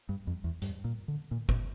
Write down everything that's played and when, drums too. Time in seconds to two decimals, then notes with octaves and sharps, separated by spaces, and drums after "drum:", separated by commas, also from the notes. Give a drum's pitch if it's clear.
0.09 G2
0.27 F2
0.44 E2
0.62 G2, drum: hi-hat
0.84 A#2
1.08 D3
1.31 A#2
1.49 A#2, drum: kick